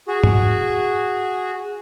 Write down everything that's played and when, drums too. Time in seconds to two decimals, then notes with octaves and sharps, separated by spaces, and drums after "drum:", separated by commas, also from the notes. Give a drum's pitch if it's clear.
0.08 F#4 G#4
0.23 drum: tom